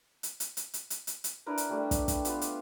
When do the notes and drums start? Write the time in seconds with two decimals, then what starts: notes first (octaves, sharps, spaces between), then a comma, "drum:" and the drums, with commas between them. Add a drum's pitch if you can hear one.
0.23 drum: hi-hat
0.40 drum: hi-hat
0.57 drum: hi-hat
0.74 drum: hi-hat
0.90 drum: hi-hat
1.07 drum: hi-hat
1.24 drum: hi-hat
1.46 D4 E4 A#4 B4
1.58 drum: hi-hat
1.69 G3 A3 G4
1.91 drum: kick, hi-hat
2.08 drum: kick, hi-hat
2.25 B3 F4 G4, drum: hi-hat
2.41 drum: hi-hat